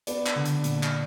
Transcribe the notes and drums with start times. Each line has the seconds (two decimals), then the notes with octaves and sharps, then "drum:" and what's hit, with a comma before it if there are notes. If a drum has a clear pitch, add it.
0.07 B3 D5, drum: hi-hat
0.27 drum: clap
0.36 D3
0.46 drum: hi-hat
0.64 A#2, drum: hi-hat
0.83 drum: clap